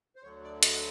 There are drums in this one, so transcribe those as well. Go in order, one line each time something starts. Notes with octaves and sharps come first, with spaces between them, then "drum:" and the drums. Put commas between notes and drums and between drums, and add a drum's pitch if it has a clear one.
C5
D2 D3 F#3 C#5
D5
D#5, drum: hi-hat